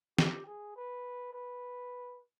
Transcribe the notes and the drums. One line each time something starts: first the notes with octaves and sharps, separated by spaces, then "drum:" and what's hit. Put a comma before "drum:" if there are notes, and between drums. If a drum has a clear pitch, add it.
G4, drum: snare
G#4
B4
B4